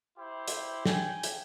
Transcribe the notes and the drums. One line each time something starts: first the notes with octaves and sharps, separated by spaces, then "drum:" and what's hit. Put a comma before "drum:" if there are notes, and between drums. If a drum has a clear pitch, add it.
E4 G4 C5
drum: hi-hat
G5 G#5, drum: snare
drum: hi-hat